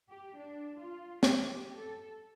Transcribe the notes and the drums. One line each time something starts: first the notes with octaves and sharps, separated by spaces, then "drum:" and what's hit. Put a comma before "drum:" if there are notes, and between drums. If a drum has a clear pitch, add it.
G4
D4
F4
G4, drum: snare
G4
A4